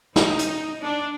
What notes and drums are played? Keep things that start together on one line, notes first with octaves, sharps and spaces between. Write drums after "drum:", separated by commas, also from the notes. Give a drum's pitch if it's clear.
D#4, drum: snare
drum: hi-hat
D4